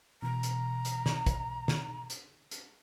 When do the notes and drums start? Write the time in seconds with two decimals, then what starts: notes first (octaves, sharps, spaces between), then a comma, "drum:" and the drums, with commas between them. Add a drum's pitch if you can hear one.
0.22 B2 E3 A#5
0.43 drum: hi-hat
0.85 drum: hi-hat
1.06 drum: snare
1.27 drum: kick, hi-hat
1.68 drum: snare
2.10 drum: hi-hat
2.51 drum: hi-hat